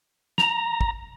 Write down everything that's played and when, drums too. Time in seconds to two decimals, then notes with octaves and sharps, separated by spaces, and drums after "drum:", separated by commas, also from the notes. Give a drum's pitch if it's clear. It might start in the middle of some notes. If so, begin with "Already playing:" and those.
0.38 A#5, drum: snare
0.81 drum: kick